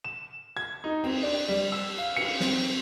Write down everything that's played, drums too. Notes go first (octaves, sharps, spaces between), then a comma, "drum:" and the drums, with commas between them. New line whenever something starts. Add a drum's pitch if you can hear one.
E7
G#6
D#4
C4, drum: cymbal
D4
G3
E6
F5
C#7, drum: cymbal
C4, drum: snare